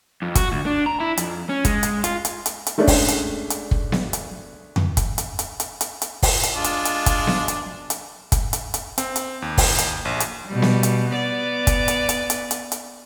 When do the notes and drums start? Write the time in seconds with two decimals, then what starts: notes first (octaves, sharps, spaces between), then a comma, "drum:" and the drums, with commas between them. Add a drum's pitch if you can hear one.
0.22 F2
0.35 F#4, drum: kick, hi-hat
0.52 D2
0.66 D4
0.86 A#5
1.00 E4
1.17 F2, drum: hi-hat
1.49 C#4
1.65 G#3, drum: kick, hi-hat
1.83 drum: hi-hat
2.04 F4, drum: hi-hat
2.25 drum: hi-hat
2.46 drum: hi-hat
2.67 drum: hi-hat
2.78 G#3 A3 C#4 D4
2.87 drum: kick, open hi-hat
3.08 drum: hi-hat
3.50 drum: hi-hat
3.71 drum: kick
3.92 drum: snare B3
4.13 drum: hi-hat
4.76 drum: tom F2
4.97 drum: kick, hi-hat
5.18 drum: hi-hat
5.39 drum: hi-hat
5.60 drum: hi-hat
5.81 drum: hi-hat
6.02 drum: hi-hat
6.23 drum: kick, open hi-hat
6.43 drum: hi-hat
6.55 G#3 D4 F4
6.64 drum: hi-hat
6.85 drum: hi-hat
7.06 drum: kick, hi-hat
7.27 drum: snare B3
7.48 drum: hi-hat
7.90 drum: hi-hat
8.32 drum: kick, hi-hat
8.53 drum: hi-hat
8.74 drum: hi-hat
8.98 C4, drum: hi-hat
9.16 drum: hi-hat
9.42 D#2
9.58 drum: kick, open hi-hat
9.78 drum: hi-hat
10.05 A#1
10.20 drum: hi-hat
10.48 B2 G3
10.62 drum: snare B3
10.83 drum: hi-hat
11.11 B3 D5
11.67 drum: kick, hi-hat
11.88 drum: hi-hat
12.09 drum: hi-hat
12.30 drum: hi-hat
12.51 drum: hi-hat
12.72 drum: hi-hat